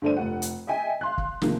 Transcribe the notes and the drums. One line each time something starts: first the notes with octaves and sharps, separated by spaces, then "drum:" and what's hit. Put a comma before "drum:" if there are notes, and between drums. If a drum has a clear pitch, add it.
G2 D3 A3 D4 C5 D#7
F1 F#5
drum: hi-hat
D#5 E5 G5 G#5
F5 C6 F#6
drum: kick
D2 C3 D#3 F3 G#3 A#3, drum: snare